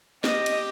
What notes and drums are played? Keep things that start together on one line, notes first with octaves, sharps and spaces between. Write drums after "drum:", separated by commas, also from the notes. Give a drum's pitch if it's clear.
G4 D#5, drum: snare
drum: cymbal